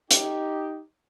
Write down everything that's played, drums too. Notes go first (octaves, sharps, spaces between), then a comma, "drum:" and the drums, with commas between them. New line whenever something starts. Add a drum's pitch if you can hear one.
D#4 G4, drum: hi-hat